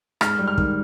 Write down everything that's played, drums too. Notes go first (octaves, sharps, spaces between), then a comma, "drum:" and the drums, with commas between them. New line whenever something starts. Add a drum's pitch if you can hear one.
G#2 F6, drum: rim click
G3
F6
D#3, drum: kick